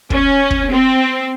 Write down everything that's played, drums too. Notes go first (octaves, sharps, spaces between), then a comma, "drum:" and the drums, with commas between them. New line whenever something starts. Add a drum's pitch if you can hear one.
C#4, drum: kick
drum: kick
C4